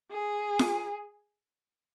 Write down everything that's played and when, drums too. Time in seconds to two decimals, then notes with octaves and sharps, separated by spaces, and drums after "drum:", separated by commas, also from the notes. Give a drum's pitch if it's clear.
0.11 G#4
0.59 drum: snare